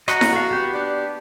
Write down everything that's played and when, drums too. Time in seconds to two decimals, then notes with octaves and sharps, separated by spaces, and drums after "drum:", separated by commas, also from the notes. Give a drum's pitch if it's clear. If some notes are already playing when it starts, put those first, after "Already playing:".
0.08 F#4 D#5 F#5 A#5, drum: rim click
0.21 drum: snare E4
0.33 F#4 A4 F5
0.51 B3 G4
0.74 D4